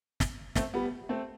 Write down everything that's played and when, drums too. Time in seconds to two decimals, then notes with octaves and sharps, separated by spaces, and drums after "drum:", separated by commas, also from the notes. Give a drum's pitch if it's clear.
0.20 drum: snare
0.55 A3 C4, drum: snare
0.74 G3 B3
1.09 A3 C4